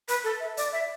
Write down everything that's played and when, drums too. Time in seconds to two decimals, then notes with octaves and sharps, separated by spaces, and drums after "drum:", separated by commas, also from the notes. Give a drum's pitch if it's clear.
0.08 B4, drum: hi-hat
0.24 A4
0.40 E5
0.57 D5, drum: hi-hat
0.72 E5